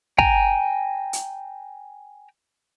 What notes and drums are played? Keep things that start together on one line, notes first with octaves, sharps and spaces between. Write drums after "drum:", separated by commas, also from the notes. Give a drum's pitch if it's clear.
G5 G#5 A#5, drum: kick
drum: hi-hat